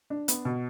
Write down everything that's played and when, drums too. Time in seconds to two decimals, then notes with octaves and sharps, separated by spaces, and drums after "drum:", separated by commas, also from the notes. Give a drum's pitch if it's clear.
0.10 D4
0.28 B3, drum: hi-hat
0.45 B2